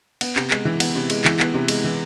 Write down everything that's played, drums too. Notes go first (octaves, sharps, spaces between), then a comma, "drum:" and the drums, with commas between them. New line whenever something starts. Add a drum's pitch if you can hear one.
B3, drum: cymbal
C3, drum: clap
G#3, drum: clap
E3
B3, drum: cymbal
C3
G#3, drum: cymbal
E3, drum: clap
B3, drum: clap
C3
G#3, drum: cymbal
E3